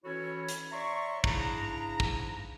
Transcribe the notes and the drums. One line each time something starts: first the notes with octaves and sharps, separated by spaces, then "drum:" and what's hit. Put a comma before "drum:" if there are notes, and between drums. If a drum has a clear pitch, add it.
E3 C#4 E4 F#4 A4 C#5
drum: hi-hat
C#5 D5 E5 A#5 C6 C#6
G#2 C#3 D4 E4 A#5, drum: kick
drum: kick